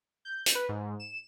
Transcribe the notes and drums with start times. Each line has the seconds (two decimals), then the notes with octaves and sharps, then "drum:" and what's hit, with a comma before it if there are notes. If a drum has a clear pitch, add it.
0.25 G6
0.46 drum: hi-hat
0.55 B4
0.69 G#2
1.00 E7